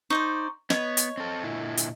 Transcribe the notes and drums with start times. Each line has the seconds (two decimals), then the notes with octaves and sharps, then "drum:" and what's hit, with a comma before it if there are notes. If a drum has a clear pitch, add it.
0.10 D#4 C5 D5 C#6
0.70 B3 C#5 D#5, drum: snare
0.97 drum: hi-hat
1.18 C4 A4
1.44 A#2 D3 E4
1.77 drum: hi-hat